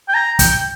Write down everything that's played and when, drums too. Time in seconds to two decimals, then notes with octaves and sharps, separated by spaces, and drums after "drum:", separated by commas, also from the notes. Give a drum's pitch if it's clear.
0.09 G5
0.14 A#5
0.39 G5, drum: kick, hi-hat